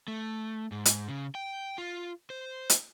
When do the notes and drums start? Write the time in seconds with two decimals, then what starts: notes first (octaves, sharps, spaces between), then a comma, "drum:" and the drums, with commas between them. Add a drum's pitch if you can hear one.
0.08 A3
0.72 G#2
0.85 drum: hi-hat
1.09 C#3
1.35 G5
1.78 F4
2.30 C5
2.70 drum: hi-hat